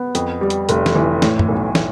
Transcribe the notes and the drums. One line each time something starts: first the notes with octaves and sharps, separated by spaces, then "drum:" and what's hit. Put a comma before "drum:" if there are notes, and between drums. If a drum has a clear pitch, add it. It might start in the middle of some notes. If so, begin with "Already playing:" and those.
Already playing: B3
F2, drum: hi-hat
G3
drum: hi-hat
F1, drum: hi-hat
drum: snare
E3
A2, drum: snare
drum: tom F#2
B1
drum: snare